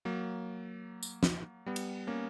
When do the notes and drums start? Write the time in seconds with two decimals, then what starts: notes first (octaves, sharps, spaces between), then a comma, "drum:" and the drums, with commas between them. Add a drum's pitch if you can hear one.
0.05 F#3 A#3
1.03 drum: tambourine
1.23 drum: snare
1.66 G3 B3
1.76 drum: cymbal
2.07 A#3 C#4